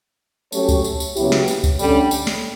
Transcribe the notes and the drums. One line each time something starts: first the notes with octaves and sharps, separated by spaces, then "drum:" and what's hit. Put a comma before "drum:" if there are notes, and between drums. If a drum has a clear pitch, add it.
F#3 A3 C#4 G4 C#5, drum: tambourine
drum: kick C#2, tambourine
drum: tambourine
drum: tambourine
C#3 F#3 B3 E4 G4, drum: tambourine
drum: snare
drum: tambourine
drum: kick C#2, tambourine
D3 G3 A3 C#4, drum: tambourine
drum: tambourine
drum: snare